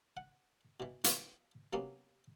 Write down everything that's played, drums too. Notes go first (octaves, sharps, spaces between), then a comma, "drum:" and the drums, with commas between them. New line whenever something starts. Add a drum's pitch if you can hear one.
F#5
B2 E3
E3 F3 B3 F4 B4 D#5, drum: hi-hat
C3 F#3 A#3 B3 C#4